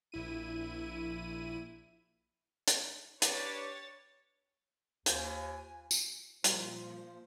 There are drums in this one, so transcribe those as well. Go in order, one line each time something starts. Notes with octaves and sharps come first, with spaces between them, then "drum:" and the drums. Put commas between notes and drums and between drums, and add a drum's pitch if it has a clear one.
A#1 E4 D#7
drum: hi-hat
D4 G4 B4 C#5 A6, drum: hi-hat
D#2 F4 C5 G#5, drum: hi-hat
drum: tambourine
A#2 F3 G3 D#4 F4 G4 A#4 C5, drum: hi-hat